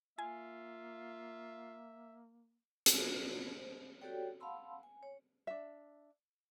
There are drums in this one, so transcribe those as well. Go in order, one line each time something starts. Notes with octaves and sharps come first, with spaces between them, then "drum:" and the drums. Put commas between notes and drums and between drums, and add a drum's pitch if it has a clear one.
A#3 F4 E5 G#5
D4 F4 F#4, drum: hi-hat
C5
F#4 G4 A4 C#5 D5 G5
F5 F#5 A5 B5 C6 E6
G#5
C#5
D4 E5